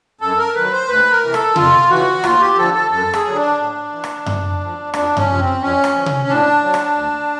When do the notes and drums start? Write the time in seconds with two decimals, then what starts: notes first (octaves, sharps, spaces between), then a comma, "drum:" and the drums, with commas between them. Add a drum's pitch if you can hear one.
0.21 F#2 A4
0.38 A#4
0.54 D#3 F#3 B4
0.72 C5
0.88 D2 B4
1.11 A#4
1.22 C3 E3
1.34 A4, drum: rim click
1.56 F2 F4, drum: tom C3
1.90 C#3 E3 F#4
2.24 D#2 F4, drum: rim click
2.40 G4
2.57 D3 F3 A4
2.74 A4
2.91 F#2 A4
3.14 G#4, drum: rim click
3.25 D3 F#3
3.36 D4
3.59 A2
3.92 E3
4.04 drum: rim click
4.26 D2, drum: tom F#2
4.60 D3 F3
4.94 F2 D4, drum: rim click
5.17 C#4, drum: tom F#2
5.28 C3 F3
5.39 C4
5.61 F2 C#4
5.84 drum: rim click
5.95 D3 F3
6.06 drum: tom C3
6.28 A2 D4
6.63 F#3
6.74 drum: rim click
6.96 D2